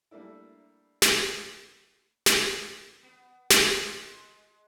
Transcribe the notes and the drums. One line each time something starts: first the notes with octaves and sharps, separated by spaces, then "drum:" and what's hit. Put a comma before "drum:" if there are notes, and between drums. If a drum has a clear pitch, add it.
G3 A3 A#3 D4 E4
drum: snare
drum: snare
B3
F4, drum: snare
G#3